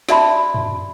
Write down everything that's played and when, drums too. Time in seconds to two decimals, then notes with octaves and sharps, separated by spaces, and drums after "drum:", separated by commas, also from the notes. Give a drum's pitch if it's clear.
0.09 F#4 D5 E5 A5 B5 C6, drum: snare
0.54 drum: tom F2